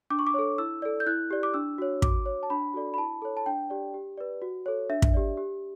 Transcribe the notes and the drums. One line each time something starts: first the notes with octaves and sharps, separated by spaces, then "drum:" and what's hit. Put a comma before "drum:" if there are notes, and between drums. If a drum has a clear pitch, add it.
D4 D6
C#6
D6
A4 C#5
E4 E6
A4 D5
G6
E4 F#6
G4 D5
D6
D4 E6
F#4 C#5
F#4 D6, drum: kick
C#5
A5
D4 B5
F#4 A4 D5
B5
E4 A5
A4 C#5
A5
D4 G5
G4 D5
G4
B4 D5
F#4
A4 C#5
D4 E5
drum: kick
G4 D5
G4